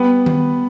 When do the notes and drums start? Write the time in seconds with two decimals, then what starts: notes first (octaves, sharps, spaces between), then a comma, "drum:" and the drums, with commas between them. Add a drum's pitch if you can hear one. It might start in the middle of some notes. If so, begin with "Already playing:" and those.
Already playing: G3 B3 B4
0.26 drum: tom D#3